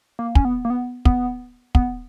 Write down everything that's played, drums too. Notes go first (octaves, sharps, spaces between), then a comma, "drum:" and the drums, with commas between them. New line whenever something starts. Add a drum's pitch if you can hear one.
A#3
C#4, drum: kick
B3
A#3
B3
B3, drum: kick
B3, drum: kick